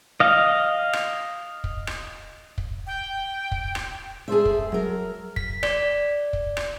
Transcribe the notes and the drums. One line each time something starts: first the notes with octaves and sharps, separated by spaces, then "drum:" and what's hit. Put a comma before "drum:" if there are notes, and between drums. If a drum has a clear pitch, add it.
D#5 F5
drum: rim click
drum: kick
drum: rim click
drum: kick
G5
drum: kick
drum: rim click
G#4 A4 C5 E5
drum: kick
F#3 A#4
B6, drum: kick
D5, drum: rim click
drum: kick
drum: rim click